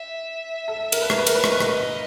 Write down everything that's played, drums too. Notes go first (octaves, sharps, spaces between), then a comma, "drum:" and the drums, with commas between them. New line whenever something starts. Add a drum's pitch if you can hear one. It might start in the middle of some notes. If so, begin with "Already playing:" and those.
Already playing: E5
A4
A#4, drum: cymbal
B4
A#4, drum: rim click
B4
A#4, drum: cymbal
B4
A#4 D#5, drum: rim click
B4
A#4, drum: rim click